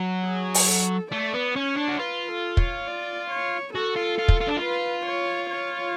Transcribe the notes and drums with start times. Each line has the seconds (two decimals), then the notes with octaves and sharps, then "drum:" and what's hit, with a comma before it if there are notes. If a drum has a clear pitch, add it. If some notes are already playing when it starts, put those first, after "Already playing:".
Already playing: F#3
0.25 G#4
0.54 drum: open hi-hat
0.67 A4
1.12 A3 D5
1.34 B3
1.56 C#4 C#5
1.77 D4
1.89 F#4
1.99 F4 B4
2.29 A4
2.57 C#5, drum: kick
2.87 D5
3.30 C#5
3.75 F#4 A4
3.96 F4
4.19 F4
4.28 drum: kick
4.41 F4
4.48 D4
4.57 F4
4.62 B4
5.06 C#5
5.50 C#5